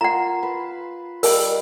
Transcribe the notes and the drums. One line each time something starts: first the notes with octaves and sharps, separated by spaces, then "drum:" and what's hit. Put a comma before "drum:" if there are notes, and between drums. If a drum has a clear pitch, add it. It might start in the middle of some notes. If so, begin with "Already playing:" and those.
F4 A#4 F#5 A#5
B4
G3 A#4 D#5 F5, drum: open hi-hat